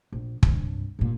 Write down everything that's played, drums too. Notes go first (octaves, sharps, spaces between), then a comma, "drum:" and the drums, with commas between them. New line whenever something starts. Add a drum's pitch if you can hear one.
A#1
C2 G2, drum: kick
G2 A#2